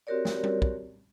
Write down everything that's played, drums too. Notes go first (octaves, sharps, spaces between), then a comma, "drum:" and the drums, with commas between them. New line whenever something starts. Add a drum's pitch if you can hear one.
C4 F#4 G4 A#4 C#5 D5
drum: snare
drum: tom G3
drum: kick